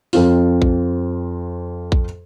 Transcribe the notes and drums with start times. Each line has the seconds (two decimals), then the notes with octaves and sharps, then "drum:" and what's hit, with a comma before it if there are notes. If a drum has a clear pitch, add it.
0.13 F2 C4 F4, drum: open hi-hat
0.62 drum: kick A#1
1.92 drum: kick A#1